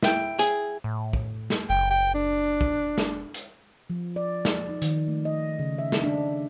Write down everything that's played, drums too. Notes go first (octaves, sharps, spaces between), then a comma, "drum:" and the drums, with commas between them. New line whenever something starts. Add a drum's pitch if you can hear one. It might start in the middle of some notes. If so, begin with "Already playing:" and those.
E4 G5, drum: snare
G#4, drum: hi-hat
A2
drum: kick
drum: snare
F#1 G5
G5
D4
drum: kick
drum: snare
drum: hi-hat
F3
D5
drum: snare
D#4
D#3, drum: hi-hat
A3
D#5
C#3
E5
drum: snare
D4